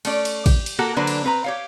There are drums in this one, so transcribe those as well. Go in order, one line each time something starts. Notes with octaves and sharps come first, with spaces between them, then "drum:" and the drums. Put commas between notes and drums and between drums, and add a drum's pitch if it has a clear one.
A3 C#4 D5, drum: cymbal
drum: cymbal
G4, drum: kick, cymbal
drum: cymbal
A#3 F#4 G4 A4 A#4
D3 F#3 A#3 D4 B4 C5
drum: cymbal
C4 B4 A#5
G4 C#5 F5